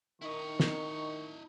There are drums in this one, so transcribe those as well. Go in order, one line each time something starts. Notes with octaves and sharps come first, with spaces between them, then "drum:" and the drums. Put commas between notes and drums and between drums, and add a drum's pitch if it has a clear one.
D#3 E4 D#5 C#6
drum: snare